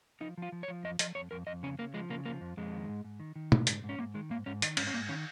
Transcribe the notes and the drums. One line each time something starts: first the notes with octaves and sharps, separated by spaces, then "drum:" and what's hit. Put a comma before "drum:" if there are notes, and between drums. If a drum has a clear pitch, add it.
F3 D#4
F3 F4
F3
C#5
F3
F2 D#5
F3 D#5, drum: hi-hat
F2 C#5
F2 A#4
F2 D#5
C#3 C#4
C#3 A#3
F3 G#3
C#3 A#3
F3 A#3
F2
F2 G#3
D#3
G#2
G#2
D#3
D#3
G#2, drum: tom B2
G#2, drum: hi-hat
G#2
C#4
G#2 A#3
D#3 G#3
G#2 A#3
G#2 C#4
D#3 D#4, drum: hi-hat
G#2 C#4, drum: cymbal
C#4
G#2 A#3
D#3 C#4